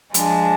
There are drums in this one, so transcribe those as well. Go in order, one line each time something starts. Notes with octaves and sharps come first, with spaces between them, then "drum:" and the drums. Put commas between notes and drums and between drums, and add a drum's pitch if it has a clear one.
F3 G#3 D4, drum: hi-hat